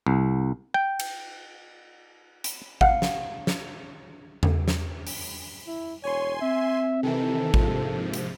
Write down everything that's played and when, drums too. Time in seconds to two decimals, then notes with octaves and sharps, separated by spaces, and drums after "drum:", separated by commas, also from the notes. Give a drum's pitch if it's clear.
0.07 C2
0.74 G5
1.00 drum: cymbal
2.44 drum: hi-hat
2.81 F5 F#5, drum: kick
3.02 drum: snare
3.47 drum: snare
4.43 drum: tom E2
4.68 drum: snare
5.07 drum: open hi-hat
5.67 E4
6.04 E1 C#5 G#5 C6
6.41 C4 E5
7.03 C3 D#3 E3 A4
7.54 A#1 G#2 C3 F3, drum: kick
8.14 drum: hi-hat